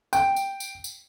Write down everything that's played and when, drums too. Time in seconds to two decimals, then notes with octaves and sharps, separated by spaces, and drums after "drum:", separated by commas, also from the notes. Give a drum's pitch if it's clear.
0.13 G5, drum: tambourine
0.36 drum: tambourine
0.60 drum: tambourine
0.84 drum: tambourine